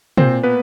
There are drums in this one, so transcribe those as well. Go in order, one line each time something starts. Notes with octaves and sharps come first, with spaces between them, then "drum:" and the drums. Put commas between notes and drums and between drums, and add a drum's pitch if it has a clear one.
A#2 C4 C5, drum: tom
A#3 B3 B4